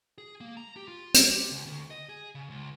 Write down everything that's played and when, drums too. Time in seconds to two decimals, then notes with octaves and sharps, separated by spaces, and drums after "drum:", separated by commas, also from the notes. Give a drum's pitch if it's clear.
0.18 G#4
0.41 A#3
0.57 A#5
0.76 G4
0.88 F4
1.14 drum: hi-hat
1.30 G4
1.51 C#2
1.66 D2
1.91 D#5
2.09 G#4
2.35 C#3
2.50 C#2